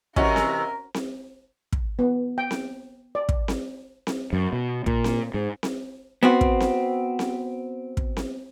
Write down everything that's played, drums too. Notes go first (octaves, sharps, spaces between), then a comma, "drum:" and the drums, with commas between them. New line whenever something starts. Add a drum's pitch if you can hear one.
C3 E3 C#4 E4 F#4 A#4 D#5 C#6, drum: kick
drum: snare C4
drum: snare C4
drum: kick
B3
G5
drum: snare C4
D5
drum: kick
drum: snare C4
drum: snare C4
F#2
B2
A#2, drum: kick
drum: snare C4
G#2
drum: snare C4
B3 C4 F#4
drum: kick
drum: snare C4
drum: snare C4
drum: kick
drum: snare C4